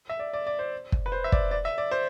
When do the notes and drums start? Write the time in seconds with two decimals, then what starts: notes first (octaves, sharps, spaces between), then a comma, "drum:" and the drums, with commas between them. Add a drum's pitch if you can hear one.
0.09 E5
0.19 D5
0.33 D5
0.47 D5
0.59 C5
0.92 drum: kick
1.06 B4
1.12 C5
1.24 E5
1.32 D5, drum: kick
1.51 D5
1.65 E5
1.78 D5
1.91 C5